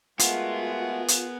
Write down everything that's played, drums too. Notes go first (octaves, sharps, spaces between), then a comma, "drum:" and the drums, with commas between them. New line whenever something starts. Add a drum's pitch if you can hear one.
G#3 A3 B3 F4 F#4 G#4 A#4, drum: hi-hat
drum: hi-hat